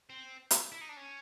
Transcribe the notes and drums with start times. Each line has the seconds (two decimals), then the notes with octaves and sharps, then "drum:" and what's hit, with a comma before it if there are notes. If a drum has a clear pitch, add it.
0.10 C4
0.51 drum: hi-hat
0.72 E4
0.81 D#4
0.89 D4
0.97 C#4